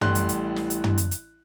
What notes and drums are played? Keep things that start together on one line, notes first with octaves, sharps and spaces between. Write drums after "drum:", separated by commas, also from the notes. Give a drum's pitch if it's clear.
A1 A2 E3 G3 C6 F#6, drum: tom
drum: hi-hat
drum: hi-hat
drum: snare
drum: hi-hat
drum: tom
drum: hi-hat
drum: hi-hat